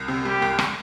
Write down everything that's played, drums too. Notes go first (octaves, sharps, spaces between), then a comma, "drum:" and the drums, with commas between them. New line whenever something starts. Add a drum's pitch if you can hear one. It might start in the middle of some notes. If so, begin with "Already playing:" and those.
Already playing: C2
C3
G3 G4
C2
drum: rim click